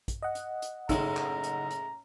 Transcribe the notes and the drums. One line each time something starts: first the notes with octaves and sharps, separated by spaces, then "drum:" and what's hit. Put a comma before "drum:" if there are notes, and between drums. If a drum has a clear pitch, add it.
drum: kick, hi-hat
D#5 F#5
drum: hi-hat
drum: hi-hat
F#1 A2 G#3 D#4 A#5 E6, drum: kick, hi-hat
drum: clap
drum: hi-hat
drum: hi-hat